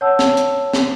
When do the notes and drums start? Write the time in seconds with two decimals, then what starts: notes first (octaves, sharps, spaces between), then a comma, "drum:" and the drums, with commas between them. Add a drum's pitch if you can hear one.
0.01 C#5 F#5 A5 E6
0.19 drum: snare
0.37 drum: hi-hat
0.74 drum: snare